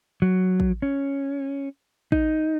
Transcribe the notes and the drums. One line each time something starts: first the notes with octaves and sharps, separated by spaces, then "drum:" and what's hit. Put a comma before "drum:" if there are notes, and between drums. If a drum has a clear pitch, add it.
F#3
drum: kick A1
C#4
D#4, drum: kick A1